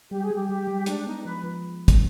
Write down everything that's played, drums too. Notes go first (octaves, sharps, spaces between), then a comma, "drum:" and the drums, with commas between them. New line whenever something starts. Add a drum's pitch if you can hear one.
G3 G4
G#4
G3 G4
G3 G4
G3
G#3 D4, drum: hi-hat
B3 D#4
F3 B4
F3
drum: kick, hi-hat